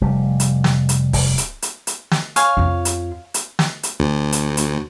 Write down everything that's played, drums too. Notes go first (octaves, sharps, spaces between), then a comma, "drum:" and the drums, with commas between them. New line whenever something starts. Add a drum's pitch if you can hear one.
F1 G3
drum: hi-hat
drum: snare
drum: hi-hat
drum: kick, open hi-hat
drum: hi-hat
drum: hi-hat
drum: hi-hat
drum: snare
C#5 F5 G#5, drum: hi-hat
F2 F4
drum: hi-hat
drum: hi-hat
drum: snare
drum: hi-hat
D2
drum: hi-hat
drum: hi-hat